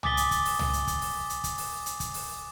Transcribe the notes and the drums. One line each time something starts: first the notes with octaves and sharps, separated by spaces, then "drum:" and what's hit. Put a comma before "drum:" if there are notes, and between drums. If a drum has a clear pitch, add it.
G#5 D6 D#6 A6 B6 G7, drum: tom
drum: hi-hat
drum: kick, hi-hat
drum: open hi-hat
drum: tom
drum: hi-hat
drum: kick, hi-hat
drum: open hi-hat
drum: hi-hat
drum: kick, hi-hat
drum: open hi-hat
drum: hi-hat
drum: kick, hi-hat
drum: open hi-hat